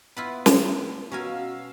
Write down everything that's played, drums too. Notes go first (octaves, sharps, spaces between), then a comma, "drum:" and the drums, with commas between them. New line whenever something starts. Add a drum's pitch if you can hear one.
B3 E4 F4 B4
drum: snare
B2 C#4 F#4 A#4 F5 G#5 E6